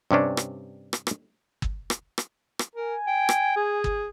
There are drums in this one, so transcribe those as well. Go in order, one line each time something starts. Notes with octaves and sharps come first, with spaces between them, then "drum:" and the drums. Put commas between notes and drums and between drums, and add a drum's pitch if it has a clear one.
G2 C3 C#4 D4
drum: rim click
drum: rim click
drum: rim click
drum: kick
drum: rim click
drum: rim click
drum: rim click
A#4 G#5
G5
drum: rim click
G#4
drum: kick